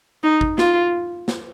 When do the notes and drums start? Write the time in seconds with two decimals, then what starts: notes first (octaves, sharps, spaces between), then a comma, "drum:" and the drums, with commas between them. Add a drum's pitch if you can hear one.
0.23 D#4
0.41 drum: kick
0.58 F4, drum: snare
1.28 drum: snare